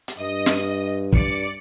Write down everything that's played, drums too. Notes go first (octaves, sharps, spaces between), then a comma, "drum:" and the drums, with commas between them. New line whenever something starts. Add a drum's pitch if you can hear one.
drum: hi-hat
G2 D#5
drum: snare
D5 C#7, drum: kick